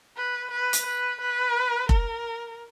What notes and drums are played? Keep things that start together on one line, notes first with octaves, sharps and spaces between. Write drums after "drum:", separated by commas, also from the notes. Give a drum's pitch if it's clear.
B4
B4
drum: hi-hat
B4
B4
A#4, drum: kick F1